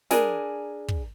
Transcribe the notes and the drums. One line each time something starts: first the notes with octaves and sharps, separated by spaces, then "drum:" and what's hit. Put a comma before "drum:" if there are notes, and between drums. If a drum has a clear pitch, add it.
D4 G#4 A#4 G#5, drum: snare
drum: kick